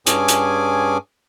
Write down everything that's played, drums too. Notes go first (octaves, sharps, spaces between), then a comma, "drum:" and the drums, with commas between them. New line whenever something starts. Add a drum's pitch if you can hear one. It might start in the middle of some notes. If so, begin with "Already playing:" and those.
G2 C#4 G#4 G#5 D6, drum: hi-hat
drum: hi-hat